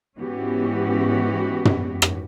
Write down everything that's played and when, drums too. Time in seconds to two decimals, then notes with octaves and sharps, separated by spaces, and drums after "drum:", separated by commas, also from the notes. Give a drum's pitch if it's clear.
0.19 G#2 E3 B3 C#4 F#4 G4
1.65 drum: tom
2.02 drum: rim click